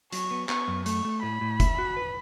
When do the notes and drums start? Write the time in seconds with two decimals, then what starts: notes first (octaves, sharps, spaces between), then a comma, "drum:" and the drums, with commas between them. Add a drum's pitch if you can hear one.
0.13 F#3 C#6, drum: hi-hat
0.31 B3
0.49 B3 C#6, drum: clap
0.68 F#2
0.86 A3 C#6, drum: hi-hat
1.05 A3
1.23 A2 B5
1.41 A2
1.60 E5, drum: kick F1, hi-hat
1.78 F#4
1.97 B4